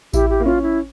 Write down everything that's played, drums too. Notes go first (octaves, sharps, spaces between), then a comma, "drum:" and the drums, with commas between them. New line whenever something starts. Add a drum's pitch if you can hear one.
E4 G4, drum: kick A1, tambourine
G4
A#3
C#4 F4
E4